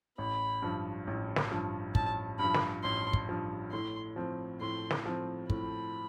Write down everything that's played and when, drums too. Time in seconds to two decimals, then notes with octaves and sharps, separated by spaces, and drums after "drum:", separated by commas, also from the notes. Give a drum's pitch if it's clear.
0.18 A1 B5
0.62 G2 F3
1.07 A1
1.36 drum: snare
1.51 G2 F3
1.95 A1 A5, drum: kick
2.39 G2 B5
2.44 F3
2.54 drum: snare
2.83 A1 C6
3.13 drum: kick
3.29 G2 F3
3.72 A2 C6
4.16 F3 C4
4.61 A2 C6
4.91 drum: snare
5.06 F3 C4
5.50 A2 B5, drum: kick